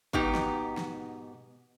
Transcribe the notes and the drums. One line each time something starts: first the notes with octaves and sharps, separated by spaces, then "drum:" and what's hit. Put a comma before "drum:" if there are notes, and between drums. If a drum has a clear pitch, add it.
G#2 B2 B3 D#4 G4 A#5, drum: kick
drum: snare
drum: snare